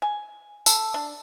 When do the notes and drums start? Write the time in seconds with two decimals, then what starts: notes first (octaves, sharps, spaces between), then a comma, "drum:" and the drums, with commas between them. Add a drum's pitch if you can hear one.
0.02 G#5
0.66 A4, drum: tambourine
0.94 D4